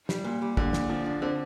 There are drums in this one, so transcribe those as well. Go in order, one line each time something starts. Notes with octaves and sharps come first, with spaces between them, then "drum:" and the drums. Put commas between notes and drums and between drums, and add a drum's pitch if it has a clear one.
G3, drum: snare
A#2
G3
A#2 D3, drum: kick
A#2, drum: snare
F3 D4
D4
D3 C4